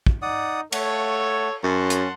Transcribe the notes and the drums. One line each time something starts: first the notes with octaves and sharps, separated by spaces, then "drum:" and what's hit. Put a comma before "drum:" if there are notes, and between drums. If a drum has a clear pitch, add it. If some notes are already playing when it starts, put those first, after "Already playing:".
drum: kick
D#4 D5 F#5 D#6
A3 A4 C#5 F#5, drum: cymbal
F#2 C#4 F#5 A5 C6
drum: hi-hat